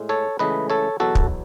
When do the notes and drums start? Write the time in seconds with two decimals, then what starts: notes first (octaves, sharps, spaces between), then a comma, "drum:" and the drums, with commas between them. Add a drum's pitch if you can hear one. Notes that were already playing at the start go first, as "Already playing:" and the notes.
Already playing: A2 G#3
0.09 A4 C#5
0.39 C#2 C#3 E3 A3 B4 D#5
0.70 A4 C#5
1.00 E2 B2 F#3 F#4 A4
1.15 drum: kick